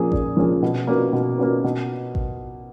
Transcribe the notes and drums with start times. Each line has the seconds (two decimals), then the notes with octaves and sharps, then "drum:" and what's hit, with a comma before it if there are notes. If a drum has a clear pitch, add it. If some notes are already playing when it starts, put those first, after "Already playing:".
Already playing: A#2 F3 A#3 C#4 G#4
0.12 A#2, drum: kick A1
0.37 F3 A#3 C#4 G#4
0.63 B2
0.87 A#3 C#4 F#4 B4
1.13 B2
1.38 A#3 C#4 F#4 B4
1.64 B2
2.15 drum: kick A1